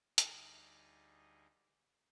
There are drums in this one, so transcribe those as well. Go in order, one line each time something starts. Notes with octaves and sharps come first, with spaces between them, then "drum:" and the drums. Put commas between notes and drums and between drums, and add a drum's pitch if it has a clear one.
D2 G3 D#4 G#4, drum: hi-hat